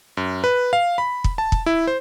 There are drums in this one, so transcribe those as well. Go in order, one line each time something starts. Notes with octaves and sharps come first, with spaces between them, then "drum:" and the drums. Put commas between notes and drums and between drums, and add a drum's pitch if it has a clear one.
F#2
B4
F5
B5
drum: kick
A5
drum: kick
E4
C5